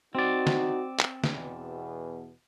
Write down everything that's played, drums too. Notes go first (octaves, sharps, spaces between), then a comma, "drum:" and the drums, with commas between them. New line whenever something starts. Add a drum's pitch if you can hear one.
C4 D#4 F#4 D5
drum: snare
drum: clap
E2 B2, drum: snare